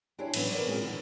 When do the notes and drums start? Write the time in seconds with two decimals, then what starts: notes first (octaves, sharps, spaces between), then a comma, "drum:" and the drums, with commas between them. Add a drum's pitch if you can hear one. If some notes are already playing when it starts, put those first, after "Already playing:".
0.19 D4 E4 G4 C5 C#5 G#5
0.34 E3 F#3 A3 B3 C#4 D4, drum: cymbal
0.50 A#4 C#5 D5
0.66 G#3 C4 C#4 F4 F#4 G#4
0.81 F#2 D3 E3